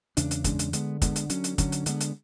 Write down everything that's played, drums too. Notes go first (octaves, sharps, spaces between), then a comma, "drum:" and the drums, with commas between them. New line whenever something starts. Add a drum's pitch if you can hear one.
E2 C#3 G#3 D4, drum: hi-hat
drum: hi-hat
E2 C#3 G#3 D4, drum: kick, hi-hat
drum: hi-hat
D3 G#3 B3, drum: hi-hat
D3 G#3 B3, drum: kick, hi-hat
drum: hi-hat
D3 F#3 C#4, drum: hi-hat
drum: hi-hat
D3 F#3 C#4, drum: kick, hi-hat
drum: hi-hat
D3 G#3 B3, drum: hi-hat
drum: hi-hat